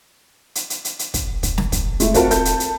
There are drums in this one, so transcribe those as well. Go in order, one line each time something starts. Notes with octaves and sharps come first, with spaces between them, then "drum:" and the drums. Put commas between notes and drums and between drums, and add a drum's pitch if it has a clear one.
drum: hi-hat
drum: hi-hat
drum: hi-hat
drum: hi-hat
drum: kick, hi-hat
drum: kick, hi-hat
drum: snare
drum: kick, hi-hat
G#3 A3 E4, drum: hi-hat
C4 F4 F#4 A4 A#4, drum: kick, hi-hat
A4 G6, drum: hi-hat
drum: hi-hat
drum: hi-hat